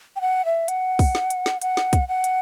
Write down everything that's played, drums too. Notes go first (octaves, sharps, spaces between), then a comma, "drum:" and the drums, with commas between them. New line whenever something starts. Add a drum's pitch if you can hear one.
G5
F#5
E5
F#5, drum: hi-hat
drum: kick, open hi-hat
drum: snare
drum: hi-hat
drum: snare
F#5, drum: hi-hat
drum: snare
drum: kick, hi-hat
F#5
drum: hi-hat